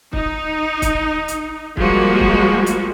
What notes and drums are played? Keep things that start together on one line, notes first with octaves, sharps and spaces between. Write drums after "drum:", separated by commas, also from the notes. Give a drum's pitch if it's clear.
D#4, drum: kick
drum: kick, hi-hat
drum: hi-hat
F3 G3 G#3 A#3 F#4, drum: kick
drum: kick
drum: hi-hat